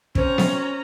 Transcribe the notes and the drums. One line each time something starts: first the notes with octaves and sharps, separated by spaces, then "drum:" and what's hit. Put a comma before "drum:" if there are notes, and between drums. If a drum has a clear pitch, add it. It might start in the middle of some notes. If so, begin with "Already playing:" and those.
C4 C#4 C5 A#5, drum: kick
drum: snare B3